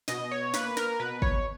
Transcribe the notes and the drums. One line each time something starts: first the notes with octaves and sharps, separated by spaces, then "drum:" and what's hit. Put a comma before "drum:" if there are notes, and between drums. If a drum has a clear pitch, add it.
B2 D#5, drum: snare
C#5
A#3 B4, drum: snare
A#4, drum: snare
B2 B4
C#5, drum: kick